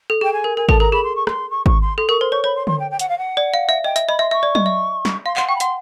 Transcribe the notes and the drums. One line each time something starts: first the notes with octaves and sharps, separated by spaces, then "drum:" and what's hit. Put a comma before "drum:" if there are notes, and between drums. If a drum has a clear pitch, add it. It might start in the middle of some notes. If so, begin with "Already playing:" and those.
A4
G#4 G5
G#5
A#4
A#4 G#5
A4 A5, drum: kick G#1
A#4 A#5
G#4 B5
C6
C#6
C6, drum: rim click
C#6
C#6, drum: kick G#1
C6
A4 C6
A#4 C#6
C5 C6
C#5 C#6
C#5 B5
C6
C6, drum: tom D3
G5
G5
F#5, drum: hi-hat
F5
F#5
D5
F5
E5
D#5 G5
E5, drum: hi-hat
D#5 B5
E5 C6
E5 C#6
D5
D#5, drum: tom F#3
E5
drum: snare
F5 C6
F#5 C6, drum: clap
G5 C#6
B5
F#5 C6, drum: hi-hat